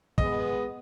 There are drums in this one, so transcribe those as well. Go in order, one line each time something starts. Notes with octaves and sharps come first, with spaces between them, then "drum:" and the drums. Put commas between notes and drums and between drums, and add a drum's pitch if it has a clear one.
G#3 B3 D#5, drum: kick